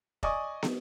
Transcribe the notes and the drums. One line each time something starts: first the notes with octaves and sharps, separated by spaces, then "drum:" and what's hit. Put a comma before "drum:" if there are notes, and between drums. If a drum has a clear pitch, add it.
D5 D#5 G#5 C#6 D#6, drum: kick
drum: snare